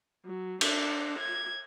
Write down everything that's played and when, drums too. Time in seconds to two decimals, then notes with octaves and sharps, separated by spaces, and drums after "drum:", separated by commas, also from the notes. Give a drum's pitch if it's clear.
0.24 F#3
0.61 D4, drum: cymbal
1.19 G#6